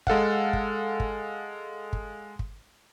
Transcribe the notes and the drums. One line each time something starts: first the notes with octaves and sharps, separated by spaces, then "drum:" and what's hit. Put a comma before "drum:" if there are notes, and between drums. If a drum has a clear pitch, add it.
G#3 A4 F5 F#5, drum: kick
drum: kick
drum: kick
drum: kick
drum: kick